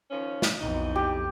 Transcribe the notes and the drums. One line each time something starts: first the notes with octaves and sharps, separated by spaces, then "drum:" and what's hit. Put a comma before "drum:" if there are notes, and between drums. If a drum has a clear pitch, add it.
D#3 F3 C#4
drum: snare
B1 F2 E3 F#3 D#4
G4